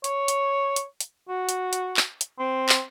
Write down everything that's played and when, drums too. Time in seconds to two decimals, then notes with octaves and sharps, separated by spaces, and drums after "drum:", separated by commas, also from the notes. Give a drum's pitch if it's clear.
0.04 C#5, drum: hi-hat
0.28 drum: hi-hat
0.76 drum: hi-hat
1.00 drum: hi-hat
1.29 F#4
1.49 drum: hi-hat
1.73 drum: hi-hat
1.97 drum: clap
2.21 drum: hi-hat
2.39 C4
2.69 drum: clap